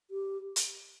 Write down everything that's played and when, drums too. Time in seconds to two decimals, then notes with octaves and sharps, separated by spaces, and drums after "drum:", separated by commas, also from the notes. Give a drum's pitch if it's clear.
0.11 G4
0.56 drum: hi-hat